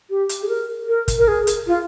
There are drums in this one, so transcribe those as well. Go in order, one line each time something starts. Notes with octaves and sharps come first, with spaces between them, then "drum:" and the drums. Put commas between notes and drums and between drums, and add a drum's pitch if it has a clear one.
G4
drum: hi-hat
G#4
A#4
A#4
drum: kick, hi-hat
A#4
G#4
drum: hi-hat
F4